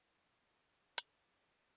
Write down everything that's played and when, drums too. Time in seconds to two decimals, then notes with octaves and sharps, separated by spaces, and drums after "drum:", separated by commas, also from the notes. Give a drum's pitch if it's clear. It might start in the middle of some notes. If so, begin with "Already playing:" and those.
0.20 F#3 C5 E5
0.98 D6, drum: hi-hat